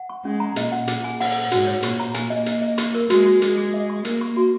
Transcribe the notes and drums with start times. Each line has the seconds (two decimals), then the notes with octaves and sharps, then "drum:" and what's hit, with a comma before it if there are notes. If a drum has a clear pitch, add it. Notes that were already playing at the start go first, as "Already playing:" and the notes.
Already playing: F#5
0.09 C#6
0.25 G#3 C#4
0.40 A#5
0.56 A#2 D#5, drum: hi-hat
0.72 F#5
0.88 A#2 G#4, drum: hi-hat
1.04 G#5
1.20 F#5, drum: open hi-hat
1.36 F#5
1.52 G#2 F#4, drum: hi-hat
1.67 C#5
1.83 A#2 C#6, drum: hi-hat
2.00 A#5
2.14 A#3 G#5, drum: hi-hat
2.30 D#5
2.46 D#5, drum: hi-hat
2.62 D#5
2.78 C#6, drum: hi-hat
2.95 A#4
3.10 G#3 F#4, drum: hi-hat
3.25 F#4
3.42 G#3 G#4, drum: hi-hat
3.57 G#4
3.74 D#5
3.90 C#6
4.05 A#3 A#4, drum: hi-hat
4.21 C#6
4.37 F#4